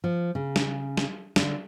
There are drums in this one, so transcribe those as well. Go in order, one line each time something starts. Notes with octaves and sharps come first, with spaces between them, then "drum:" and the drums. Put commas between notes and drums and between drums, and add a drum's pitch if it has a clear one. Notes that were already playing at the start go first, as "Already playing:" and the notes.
F3
C#3
drum: snare
drum: snare
D3, drum: snare